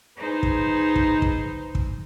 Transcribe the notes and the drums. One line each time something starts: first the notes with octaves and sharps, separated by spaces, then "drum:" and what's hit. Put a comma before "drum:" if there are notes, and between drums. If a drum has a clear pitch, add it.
D#4 G#4 B4 C5
drum: kick
drum: kick
drum: kick
drum: kick